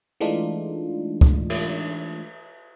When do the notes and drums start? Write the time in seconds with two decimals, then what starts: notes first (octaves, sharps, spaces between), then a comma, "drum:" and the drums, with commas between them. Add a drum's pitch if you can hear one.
0.20 E3 G#3 A3 D4 D#4 F4
1.21 drum: kick
1.50 drum: cymbal